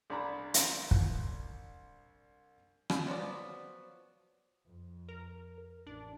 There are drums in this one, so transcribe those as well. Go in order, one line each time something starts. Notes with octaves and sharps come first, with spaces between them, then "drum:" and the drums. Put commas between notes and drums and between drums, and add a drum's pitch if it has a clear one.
C2 D4 A#5 B5
drum: hi-hat
drum: kick
drum: rim click
F3 F#3 B3 D5
F2
A#4
A1 D4